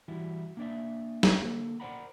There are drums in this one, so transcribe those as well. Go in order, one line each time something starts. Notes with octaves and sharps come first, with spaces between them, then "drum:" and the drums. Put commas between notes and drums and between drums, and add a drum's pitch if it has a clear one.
E3 G3 E4 F#4
A#3 D4 D5 E5
drum: snare
D3 A#3 A4
A#4 C5 D5 F#5 A#5 B5